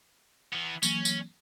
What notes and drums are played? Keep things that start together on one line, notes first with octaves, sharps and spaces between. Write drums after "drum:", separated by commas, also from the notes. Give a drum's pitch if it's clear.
E3 B3
E3 F#3 A#3 C#4, drum: tambourine
drum: tambourine